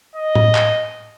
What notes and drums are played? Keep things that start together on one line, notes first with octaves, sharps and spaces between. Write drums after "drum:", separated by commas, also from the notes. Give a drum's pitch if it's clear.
D#5
drum: tom A2
drum: clap